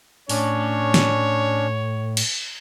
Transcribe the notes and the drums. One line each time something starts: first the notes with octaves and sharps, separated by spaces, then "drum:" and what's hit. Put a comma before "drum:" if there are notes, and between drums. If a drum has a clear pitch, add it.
A2 C#4 D4 C#5, drum: open hi-hat
drum: snare
drum: cymbal